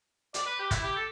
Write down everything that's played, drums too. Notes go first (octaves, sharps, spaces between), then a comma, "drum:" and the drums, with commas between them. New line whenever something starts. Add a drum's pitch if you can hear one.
D5, drum: hi-hat
B4
G4
E4, drum: kick, hi-hat
G4
A4